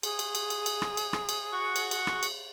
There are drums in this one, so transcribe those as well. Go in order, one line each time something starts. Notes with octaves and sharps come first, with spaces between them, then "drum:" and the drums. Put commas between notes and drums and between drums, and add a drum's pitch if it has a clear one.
G#4, drum: cymbal
drum: cymbal
drum: cymbal
drum: cymbal
drum: cymbal
drum: rim click
drum: cymbal
drum: rim click
drum: cymbal
F#4 F#5 C#6
drum: cymbal
drum: cymbal
drum: rim click
drum: cymbal